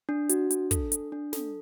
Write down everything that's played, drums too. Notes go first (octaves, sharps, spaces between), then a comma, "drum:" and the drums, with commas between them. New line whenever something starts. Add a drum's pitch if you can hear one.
D4
F#4, drum: hi-hat
D4, drum: hi-hat
A4, drum: kick, hi-hat
D4, drum: hi-hat
D4
A4, drum: snare